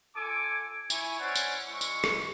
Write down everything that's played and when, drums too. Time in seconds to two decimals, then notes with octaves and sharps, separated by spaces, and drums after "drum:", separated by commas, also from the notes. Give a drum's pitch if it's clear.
0.15 F4 A4 G#5 D6
0.90 E4 C#5 G#5, drum: tambourine
1.20 C#4 E4 C5 D5 F#5
1.36 drum: tambourine
1.66 G#3 E4 C#6
1.81 drum: tambourine
2.04 drum: rim click